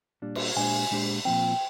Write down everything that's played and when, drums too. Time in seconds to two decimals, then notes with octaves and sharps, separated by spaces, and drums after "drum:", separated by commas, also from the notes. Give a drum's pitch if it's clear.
0.22 A#2 G3 D4
0.35 drum: cymbal
0.56 A#2 G#3 D4 G4 C5 G#5
0.91 A#2 G#3 D4 G4 C5
1.25 A#2 F3 C4 G5